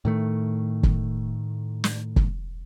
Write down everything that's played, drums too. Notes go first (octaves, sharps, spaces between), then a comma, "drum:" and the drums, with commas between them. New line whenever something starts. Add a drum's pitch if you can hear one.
A2 D#3 A3
drum: kick
drum: snare
drum: kick